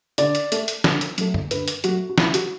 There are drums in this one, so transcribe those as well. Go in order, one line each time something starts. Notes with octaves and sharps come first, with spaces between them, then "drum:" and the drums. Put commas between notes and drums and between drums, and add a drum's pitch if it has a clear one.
D3 D5, drum: hi-hat
drum: hi-hat
A3, drum: hi-hat
drum: hi-hat
D3, drum: snare
drum: hi-hat
F#3 A3, drum: hi-hat
drum: tom
D3 B4, drum: hi-hat
drum: hi-hat
F#3 A3 F#4, drum: hi-hat
F#4
C#3 E4, drum: snare
F#4, drum: hi-hat